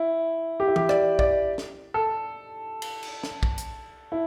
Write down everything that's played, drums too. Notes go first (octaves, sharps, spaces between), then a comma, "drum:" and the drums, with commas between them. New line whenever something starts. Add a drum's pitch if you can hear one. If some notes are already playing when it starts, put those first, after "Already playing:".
Already playing: E4
G4
E4
G4, drum: tom E3
D5, drum: rim click
D5, drum: kick
drum: snare
A4
drum: cymbal
drum: cymbal
drum: snare
drum: kick
drum: hi-hat
E4